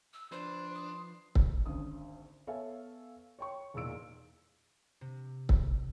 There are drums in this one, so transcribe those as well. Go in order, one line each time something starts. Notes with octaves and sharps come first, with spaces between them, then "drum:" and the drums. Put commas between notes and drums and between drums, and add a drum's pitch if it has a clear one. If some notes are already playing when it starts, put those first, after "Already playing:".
E6
F3 D4 B4 C5 C6
D#6
drum: kick
G#1 D2 C#4 D#6
B3 A4 C#5 E5 F5 G#5
C#5 G5 C#6
E1 E2 A#2 D#4 E6 D7
C3
drum: kick